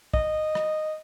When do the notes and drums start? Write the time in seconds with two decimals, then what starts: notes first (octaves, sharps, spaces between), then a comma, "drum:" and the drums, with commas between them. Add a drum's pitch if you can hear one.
0.14 D#5, drum: kick
0.55 drum: rim click